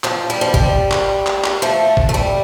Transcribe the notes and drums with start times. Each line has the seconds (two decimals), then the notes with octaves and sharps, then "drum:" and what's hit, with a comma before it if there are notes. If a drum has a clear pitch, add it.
0.04 F3, drum: clap
0.30 G3
0.41 F3
0.54 G3, drum: kick G#1
0.91 drum: clap
1.27 drum: clap
1.44 drum: clap
1.62 F3 A3
1.97 drum: kick G#1
2.09 A3
2.14 G3